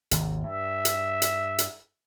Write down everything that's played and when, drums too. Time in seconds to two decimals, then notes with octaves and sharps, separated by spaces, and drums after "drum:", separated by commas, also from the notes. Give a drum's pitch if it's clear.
0.11 G#1 D#2 C3, drum: hi-hat
0.43 G2 E5
0.85 drum: hi-hat
1.22 drum: hi-hat
1.58 drum: hi-hat